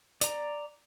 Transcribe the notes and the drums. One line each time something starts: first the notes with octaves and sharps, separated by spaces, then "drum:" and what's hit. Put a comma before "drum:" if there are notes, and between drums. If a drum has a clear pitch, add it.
D5 A#5, drum: hi-hat